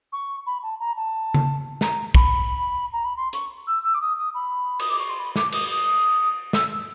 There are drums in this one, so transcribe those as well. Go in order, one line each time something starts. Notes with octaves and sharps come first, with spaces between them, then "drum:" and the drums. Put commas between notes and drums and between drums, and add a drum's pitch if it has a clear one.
C#6
B5
A5
A#5
A5
drum: tom C#3
A#5, drum: snare
B5, drum: kick
A#5
B5
C6
C#6, drum: hi-hat
E6
E6
D6
D#6
D#6
B5
D#6, drum: cymbal
D6
C#6
C6
B5
D6, drum: snare
D#6, drum: cymbal
D#6
E6, drum: snare
E6